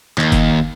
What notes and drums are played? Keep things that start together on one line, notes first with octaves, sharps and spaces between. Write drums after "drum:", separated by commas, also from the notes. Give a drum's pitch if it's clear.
D#2, drum: clap
drum: kick F#1, hi-hat